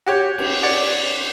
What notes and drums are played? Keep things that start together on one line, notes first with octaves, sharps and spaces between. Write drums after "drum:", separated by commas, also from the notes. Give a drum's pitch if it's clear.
F#4 G4 C#5
drum: cymbal
C#5 D5 F#5